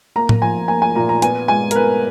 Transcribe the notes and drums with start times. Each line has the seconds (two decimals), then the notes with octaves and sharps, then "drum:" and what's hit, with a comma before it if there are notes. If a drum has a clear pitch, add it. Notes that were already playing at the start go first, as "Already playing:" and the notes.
0.16 A#3 A#5
0.29 drum: tom A2
0.42 F3 G#5
0.68 A#3 G#5
0.82 G#5
0.95 A#2 A#5
1.09 A#5
1.22 B3 G#5, drum: hi-hat
1.48 G#3 G#5
1.71 A#4, drum: hi-hat
1.75 B3 B4